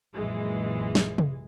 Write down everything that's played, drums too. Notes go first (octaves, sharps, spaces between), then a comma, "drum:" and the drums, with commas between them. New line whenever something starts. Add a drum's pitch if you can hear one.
A#1 F#2 E3 G#3
drum: snare
drum: tom